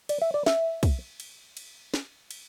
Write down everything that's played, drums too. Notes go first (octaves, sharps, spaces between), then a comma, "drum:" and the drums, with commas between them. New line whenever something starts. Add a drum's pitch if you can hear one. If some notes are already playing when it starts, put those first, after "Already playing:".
D5, drum: cymbal
E5
D5
E5, drum: snare
drum: kick, cymbal
drum: cymbal
drum: cymbal
drum: snare
drum: cymbal